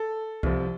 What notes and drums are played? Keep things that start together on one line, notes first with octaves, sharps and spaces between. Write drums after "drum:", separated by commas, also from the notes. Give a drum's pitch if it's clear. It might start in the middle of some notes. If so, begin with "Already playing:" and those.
Already playing: A4
C2 C3 F3, drum: kick C2